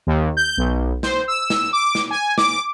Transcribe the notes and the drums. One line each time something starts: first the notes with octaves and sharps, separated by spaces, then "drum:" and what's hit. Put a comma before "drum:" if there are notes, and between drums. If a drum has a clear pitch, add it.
D#2
G6
B1
C5, drum: snare
E6
drum: snare
D6
drum: snare
G#5
D6, drum: snare